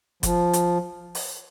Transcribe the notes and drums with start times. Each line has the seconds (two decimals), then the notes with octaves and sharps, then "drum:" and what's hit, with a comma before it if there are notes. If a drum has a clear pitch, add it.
0.23 F3, drum: kick F#1, hi-hat
0.53 drum: hi-hat
1.15 drum: open hi-hat